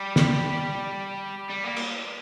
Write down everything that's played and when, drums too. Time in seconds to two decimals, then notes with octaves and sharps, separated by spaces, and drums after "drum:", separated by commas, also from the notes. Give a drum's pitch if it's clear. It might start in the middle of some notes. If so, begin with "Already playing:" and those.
Already playing: G3
0.16 drum: snare
1.49 G3
1.64 A#3
1.76 drum: cymbal